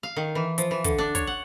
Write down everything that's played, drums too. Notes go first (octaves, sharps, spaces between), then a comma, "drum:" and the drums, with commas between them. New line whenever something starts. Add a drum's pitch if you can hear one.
F5
D#3
E3
F3, drum: hi-hat
E3
D3, drum: kick, hi-hat
D4
C#5, drum: kick, hi-hat
F#5